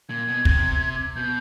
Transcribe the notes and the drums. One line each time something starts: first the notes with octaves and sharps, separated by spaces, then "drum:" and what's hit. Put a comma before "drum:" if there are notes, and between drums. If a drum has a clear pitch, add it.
A#2 G#6
B2
C3, drum: kick
B2 G6